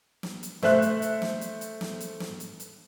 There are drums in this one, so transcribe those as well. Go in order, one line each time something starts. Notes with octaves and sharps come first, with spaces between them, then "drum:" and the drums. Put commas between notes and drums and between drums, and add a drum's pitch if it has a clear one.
drum: snare
drum: hi-hat
A3 C5 E5 F#6, drum: snare
drum: hi-hat
drum: hi-hat
drum: snare
drum: hi-hat
drum: hi-hat
drum: snare
drum: hi-hat
drum: snare
drum: hi-hat
drum: hi-hat